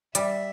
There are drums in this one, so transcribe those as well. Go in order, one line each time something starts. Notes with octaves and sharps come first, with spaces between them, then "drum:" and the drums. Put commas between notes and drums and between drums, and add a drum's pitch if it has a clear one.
G3 E5, drum: hi-hat